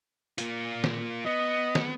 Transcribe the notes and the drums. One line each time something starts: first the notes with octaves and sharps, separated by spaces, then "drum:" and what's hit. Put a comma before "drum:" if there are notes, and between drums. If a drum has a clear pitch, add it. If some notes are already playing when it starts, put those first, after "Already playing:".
A#3 F4, drum: hi-hat
drum: snare
B3 D#5
drum: snare